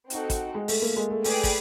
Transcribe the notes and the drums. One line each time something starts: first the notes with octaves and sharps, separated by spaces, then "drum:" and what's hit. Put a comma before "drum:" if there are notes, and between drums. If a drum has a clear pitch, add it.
C4 D#4 F#4 A4, drum: hi-hat
drum: kick, hi-hat
G#3
A3, drum: open hi-hat
A#3
G#3
A3
A3 G#4 B4 D5 G5, drum: open hi-hat
drum: kick, open hi-hat